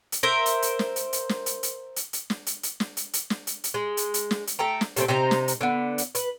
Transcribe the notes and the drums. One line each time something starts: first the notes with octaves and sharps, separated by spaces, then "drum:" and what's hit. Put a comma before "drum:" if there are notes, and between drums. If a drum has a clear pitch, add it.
drum: hi-hat
A#4 C5 E5
drum: hi-hat
drum: hi-hat
drum: snare
drum: hi-hat
drum: hi-hat
drum: snare
drum: hi-hat
drum: hi-hat
drum: hi-hat
drum: hi-hat
drum: snare
drum: hi-hat
drum: hi-hat
drum: snare
drum: hi-hat
drum: hi-hat
drum: snare
drum: hi-hat
drum: hi-hat
G#3
drum: hi-hat
drum: hi-hat
drum: snare
drum: hi-hat
A3 A4 G5 A#5
drum: snare
C3 A3 C4, drum: hi-hat
C3 D#4 C5 A#5
drum: snare
drum: hi-hat
D3 B3
drum: hi-hat
B4, drum: hi-hat